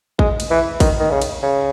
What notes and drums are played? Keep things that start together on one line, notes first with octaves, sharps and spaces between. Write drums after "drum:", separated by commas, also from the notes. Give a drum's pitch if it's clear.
G#3, drum: kick A1
drum: cymbal
E3
D#3, drum: kick A1, cymbal
D#3
C#3
drum: cymbal
C#3